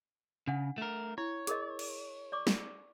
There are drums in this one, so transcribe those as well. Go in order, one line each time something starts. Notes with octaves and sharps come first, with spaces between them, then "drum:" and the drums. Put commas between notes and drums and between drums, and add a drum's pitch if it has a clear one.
C#3 D4 F#5
A3 A#4
E4 C#5
G#4 A#4 D#5, drum: hi-hat
drum: cymbal
D5 C#6 D6
drum: snare